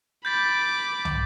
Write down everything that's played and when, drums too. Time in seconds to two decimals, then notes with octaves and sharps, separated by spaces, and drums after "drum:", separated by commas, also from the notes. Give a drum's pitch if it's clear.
0.25 B5 D6 G6 A6 B6
1.05 drum: tom